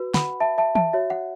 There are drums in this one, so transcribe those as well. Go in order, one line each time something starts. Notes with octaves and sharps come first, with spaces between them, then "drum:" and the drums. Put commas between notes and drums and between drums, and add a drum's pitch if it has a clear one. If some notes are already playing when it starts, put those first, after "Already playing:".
Already playing: F#4 B4
F#5 B5, drum: snare
E5 A5
E5 A5
E5 A5, drum: tom E3
F#4 C#5 E5
F#5